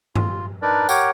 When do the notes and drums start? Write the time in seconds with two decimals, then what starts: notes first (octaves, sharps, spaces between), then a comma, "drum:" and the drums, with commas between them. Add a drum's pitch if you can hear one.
0.16 F4, drum: tom G2
0.62 D4 D#4 A#4 B4 D5
0.89 G4 A#4 C#5 F#5 G5, drum: tambourine